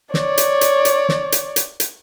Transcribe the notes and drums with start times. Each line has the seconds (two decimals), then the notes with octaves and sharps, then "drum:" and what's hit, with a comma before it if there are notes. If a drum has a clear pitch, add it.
0.14 C#5 D5, drum: snare
0.38 drum: hi-hat
0.61 drum: hi-hat
0.85 drum: hi-hat
1.09 drum: snare
1.32 drum: hi-hat
1.56 drum: hi-hat
1.80 drum: hi-hat